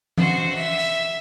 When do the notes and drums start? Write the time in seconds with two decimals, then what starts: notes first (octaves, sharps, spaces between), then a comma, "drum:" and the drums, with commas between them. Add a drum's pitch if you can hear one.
0.18 F#4 C5, drum: tom E3
0.54 E5
0.79 drum: hi-hat